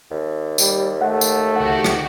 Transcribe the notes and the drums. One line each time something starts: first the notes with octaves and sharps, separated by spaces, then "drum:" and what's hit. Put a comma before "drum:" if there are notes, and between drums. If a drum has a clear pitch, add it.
D#2
G3, drum: tambourine
A3 F#5
drum: tambourine
C#2 D#3 F#4 G4 F#5
drum: rim click